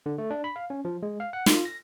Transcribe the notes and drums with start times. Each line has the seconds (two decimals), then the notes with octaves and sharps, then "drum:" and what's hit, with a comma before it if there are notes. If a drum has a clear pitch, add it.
0.06 D3
0.18 A3
0.30 D4
0.44 B5
0.56 F5
0.70 C#4
0.85 F3
1.03 G#3
1.20 F5
1.33 F#5
1.46 F4, drum: snare
1.65 A#6